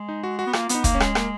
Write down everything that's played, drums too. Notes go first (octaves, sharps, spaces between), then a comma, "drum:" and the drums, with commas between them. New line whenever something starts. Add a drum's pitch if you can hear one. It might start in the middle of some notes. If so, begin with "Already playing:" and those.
Already playing: G#3
D#4
F#4
F#4
B3
A#3 F4, drum: rim click
B3, drum: hi-hat
D#4
A#3, drum: kick, hi-hat
C#4
G#3, drum: rim click
A#3, drum: rim click